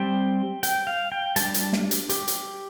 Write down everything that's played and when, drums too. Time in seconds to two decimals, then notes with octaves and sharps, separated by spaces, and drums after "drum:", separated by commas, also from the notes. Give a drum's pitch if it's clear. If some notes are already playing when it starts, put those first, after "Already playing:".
Already playing: G3 C4 G5
0.63 G5, drum: hi-hat
0.87 F5
1.12 G5
1.36 G3 D4 A5, drum: hi-hat
1.54 drum: hi-hat
1.73 drum: snare
1.91 drum: hi-hat
2.09 G4, drum: hi-hat
2.28 drum: hi-hat